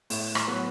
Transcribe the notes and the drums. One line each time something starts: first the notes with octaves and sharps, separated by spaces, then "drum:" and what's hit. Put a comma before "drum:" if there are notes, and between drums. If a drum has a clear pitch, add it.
A2, drum: open hi-hat
drum: rim click
F#3 B3 F#4